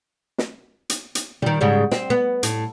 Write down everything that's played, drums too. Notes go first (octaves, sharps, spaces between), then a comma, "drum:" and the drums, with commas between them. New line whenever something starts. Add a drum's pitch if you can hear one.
drum: snare
drum: hi-hat
drum: hi-hat
D#3 G3, drum: tom A#2
G#2 C#3 G3
C4, drum: snare
B3
A2, drum: hi-hat